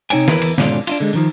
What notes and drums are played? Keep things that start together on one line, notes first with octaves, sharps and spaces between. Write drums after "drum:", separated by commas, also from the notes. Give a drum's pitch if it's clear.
C3 D#4 C#5 G5 G#5, drum: cymbal
E2 E4 A#4 B4, drum: snare
drum: cymbal
G#2 B2 D3 C#4 D4 F4, drum: snare
D4 D#4 F4, drum: cymbal
D3 G#3
D3 D#3 F3